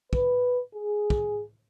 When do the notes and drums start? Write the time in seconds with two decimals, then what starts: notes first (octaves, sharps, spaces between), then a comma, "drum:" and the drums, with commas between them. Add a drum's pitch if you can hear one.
0.13 B4, drum: kick
0.75 G#4
1.10 drum: kick